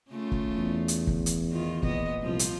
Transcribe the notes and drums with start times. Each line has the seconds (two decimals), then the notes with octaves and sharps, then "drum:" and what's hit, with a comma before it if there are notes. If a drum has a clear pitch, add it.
0.11 C#3 A3 F4
0.32 drum: kick
0.57 E2
0.88 drum: hi-hat
1.07 drum: kick
1.26 drum: hi-hat
1.51 D#3 F4
1.83 A#2 B3 D#5, drum: kick
2.22 C2 F3 F4
2.39 drum: hi-hat